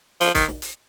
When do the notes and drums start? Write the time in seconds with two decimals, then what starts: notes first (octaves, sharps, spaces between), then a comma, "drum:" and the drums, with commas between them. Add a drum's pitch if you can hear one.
0.21 F3, drum: hi-hat
0.35 D#3, drum: kick, hi-hat
0.48 drum: snare
0.62 drum: hi-hat